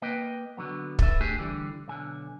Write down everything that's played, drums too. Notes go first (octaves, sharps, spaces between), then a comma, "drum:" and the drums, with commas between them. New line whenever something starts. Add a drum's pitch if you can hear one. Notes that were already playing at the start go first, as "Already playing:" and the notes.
A#3 B4 D#5 G5
D3 F#3 B3
A4 B4 E5, drum: kick
A3 D4 G4 G#4
D3 E3 G3
B1 D3 G#5